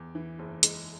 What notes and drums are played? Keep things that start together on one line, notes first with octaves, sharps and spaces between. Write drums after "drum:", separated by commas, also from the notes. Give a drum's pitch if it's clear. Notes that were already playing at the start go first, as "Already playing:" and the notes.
Already playing: E2
E3
F#1
G#3, drum: hi-hat